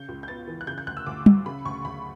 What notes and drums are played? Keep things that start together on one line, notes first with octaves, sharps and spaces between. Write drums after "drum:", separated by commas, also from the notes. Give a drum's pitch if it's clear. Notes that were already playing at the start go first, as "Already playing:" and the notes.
Already playing: C#3 G6
C#2
G6
B3 A6
E3
F#6
C#3 G6
G6
D2 F#6
E6
D2 D6
F#3, drum: tom
C#3 B5
D2 C#6
D2 B5